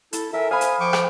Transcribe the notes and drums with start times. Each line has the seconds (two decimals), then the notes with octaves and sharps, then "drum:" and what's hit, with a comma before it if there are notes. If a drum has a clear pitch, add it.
0.13 E4 A4, drum: hi-hat
0.33 A4 A#4 E5 G#5
0.51 C5 F5 G#5 B5 D#6
0.61 drum: hi-hat
0.80 F3 G5 C#6 D6
0.93 drum: rim click